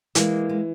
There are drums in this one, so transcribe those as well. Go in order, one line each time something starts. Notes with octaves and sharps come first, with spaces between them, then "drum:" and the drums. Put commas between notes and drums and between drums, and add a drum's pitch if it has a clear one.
E3 G#3 A#3, drum: hi-hat
G#3